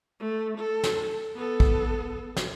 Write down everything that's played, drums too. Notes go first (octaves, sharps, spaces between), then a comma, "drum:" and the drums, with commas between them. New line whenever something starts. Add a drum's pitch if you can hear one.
A3
A4
drum: snare
B3 A4
drum: kick
drum: snare